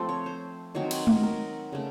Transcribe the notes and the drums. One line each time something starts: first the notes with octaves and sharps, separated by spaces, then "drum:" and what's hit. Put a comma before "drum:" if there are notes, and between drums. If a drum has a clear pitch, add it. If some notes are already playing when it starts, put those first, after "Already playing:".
Already playing: F3 A3 C4 A4
C#5
C5
D#3 F#3 C4 C#5
C#5, drum: cymbal
A#4, drum: tom G#3
A#4
C#3 A3